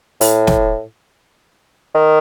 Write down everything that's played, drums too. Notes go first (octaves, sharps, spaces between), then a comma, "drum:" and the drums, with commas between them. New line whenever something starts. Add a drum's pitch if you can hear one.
A2, drum: open hi-hat
drum: snare
D#3